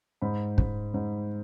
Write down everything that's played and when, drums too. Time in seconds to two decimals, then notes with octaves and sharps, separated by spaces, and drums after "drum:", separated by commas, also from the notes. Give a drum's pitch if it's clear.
0.22 G#2 B5
0.58 G#2, drum: kick
0.94 G#2